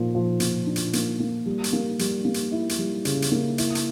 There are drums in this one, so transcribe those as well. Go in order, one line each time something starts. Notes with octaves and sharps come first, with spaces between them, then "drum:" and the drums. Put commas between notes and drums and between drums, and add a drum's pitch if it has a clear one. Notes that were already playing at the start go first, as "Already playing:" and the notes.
Already playing: A#2 F3 A#3
F3
A#2, drum: hi-hat
D4
drum: hi-hat
A#3, drum: hi-hat
A#3
G3
drum: hi-hat
A#3
G3, drum: hi-hat
A#3
drum: hi-hat
E4
drum: hi-hat
G3
C#3, drum: hi-hat
drum: hi-hat
A#3
E4, drum: hi-hat
drum: hi-hat